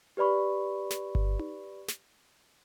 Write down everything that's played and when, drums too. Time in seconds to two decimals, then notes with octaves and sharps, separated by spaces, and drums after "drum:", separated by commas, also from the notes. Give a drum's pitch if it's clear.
0.17 G4 B4 D5 B5 C#6
0.91 drum: snare
1.15 drum: kick G1
1.39 drum: tom D#4
1.88 drum: snare